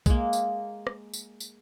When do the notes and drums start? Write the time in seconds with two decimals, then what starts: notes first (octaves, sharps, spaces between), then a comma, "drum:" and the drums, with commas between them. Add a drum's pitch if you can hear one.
0.06 G#3 A#3, drum: kick, tambourine
0.33 drum: tambourine
0.87 drum: rim click
1.14 drum: tambourine
1.40 drum: tambourine